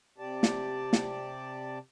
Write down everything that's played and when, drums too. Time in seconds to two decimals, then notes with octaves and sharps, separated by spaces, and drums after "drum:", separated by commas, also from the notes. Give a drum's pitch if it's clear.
0.18 C3 G4 D5 A5
0.43 drum: snare
0.93 drum: snare